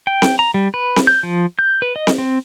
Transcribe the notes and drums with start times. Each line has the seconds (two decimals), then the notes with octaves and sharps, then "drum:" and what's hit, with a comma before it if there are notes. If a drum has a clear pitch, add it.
0.07 G5
0.22 drum: snare C4
0.39 A#5
0.54 G3
0.74 B4
0.96 drum: snare C4
1.07 G6
1.23 F3
1.59 G6
1.82 B4
1.96 D#5
2.07 drum: snare C4
2.18 C4